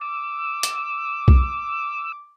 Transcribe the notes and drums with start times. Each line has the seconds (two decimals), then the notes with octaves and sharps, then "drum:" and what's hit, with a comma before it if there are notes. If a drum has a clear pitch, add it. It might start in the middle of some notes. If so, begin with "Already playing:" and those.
0.01 D6 E6
0.63 drum: hi-hat
1.28 drum: kick B1